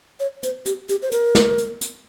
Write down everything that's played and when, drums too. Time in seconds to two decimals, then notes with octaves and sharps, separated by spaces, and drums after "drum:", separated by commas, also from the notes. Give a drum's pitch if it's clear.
0.20 C#5
0.43 C5, drum: hi-hat
0.66 G4, drum: hi-hat
0.89 G4, drum: hi-hat
1.02 C5
1.11 A#4, drum: hi-hat
1.35 drum: snare
1.58 drum: hi-hat
1.81 drum: hi-hat